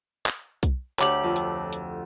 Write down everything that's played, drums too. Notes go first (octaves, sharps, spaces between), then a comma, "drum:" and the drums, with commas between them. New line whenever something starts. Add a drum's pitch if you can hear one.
drum: clap
drum: kick B1, hi-hat
D2 G4 C#5 D6 F#7, drum: clap
F2
drum: hi-hat
drum: hi-hat